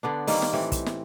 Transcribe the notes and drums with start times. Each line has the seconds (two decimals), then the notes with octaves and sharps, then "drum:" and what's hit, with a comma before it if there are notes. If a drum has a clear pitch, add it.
0.03 D3 B3 D4
0.27 D#3 G3 A#3 C4, drum: open hi-hat
0.42 drum: snare
0.53 A2 E3 C4 G4
0.72 drum: kick, hi-hat
0.86 drum: snare